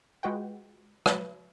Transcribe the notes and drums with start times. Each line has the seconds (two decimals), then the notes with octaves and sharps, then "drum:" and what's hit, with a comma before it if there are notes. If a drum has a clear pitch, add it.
0.23 G#3 F4 F#4 B4 F#5 G5
1.06 F#3 B4, drum: rim click